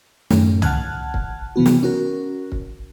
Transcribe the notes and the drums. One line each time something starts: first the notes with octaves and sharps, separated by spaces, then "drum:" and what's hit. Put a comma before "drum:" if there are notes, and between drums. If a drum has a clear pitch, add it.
F#2 A2 D#3 A3 C#4, drum: snare
F#5 A5 F6 F#6 G#6, drum: tom
drum: kick
C3 E3 B3 F#4
drum: snare
C#4 F#4 A#4
drum: kick